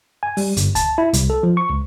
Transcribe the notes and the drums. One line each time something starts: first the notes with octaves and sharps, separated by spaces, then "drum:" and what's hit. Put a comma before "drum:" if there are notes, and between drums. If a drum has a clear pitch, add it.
G#5
G3, drum: open hi-hat
G1, drum: hi-hat
A5, drum: kick C#2, hi-hat
E4
C2, drum: hi-hat
A4
F3
C#6
C#2